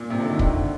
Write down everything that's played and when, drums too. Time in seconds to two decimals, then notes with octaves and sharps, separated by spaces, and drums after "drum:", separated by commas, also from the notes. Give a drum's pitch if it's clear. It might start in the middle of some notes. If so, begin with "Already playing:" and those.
Already playing: A#2
0.10 C3
0.19 D3
0.29 D#3
0.39 D3, drum: kick